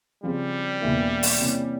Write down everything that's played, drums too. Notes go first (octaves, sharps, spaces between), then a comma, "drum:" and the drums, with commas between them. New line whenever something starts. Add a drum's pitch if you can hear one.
C#3 F3 G3 G#3 C4
E1 E2 E3 A#3 E4
drum: open hi-hat
C3 E3 A#3 C#4